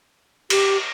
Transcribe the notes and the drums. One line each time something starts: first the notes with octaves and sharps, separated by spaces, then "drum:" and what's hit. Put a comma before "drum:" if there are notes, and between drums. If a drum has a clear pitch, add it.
G4, drum: cymbal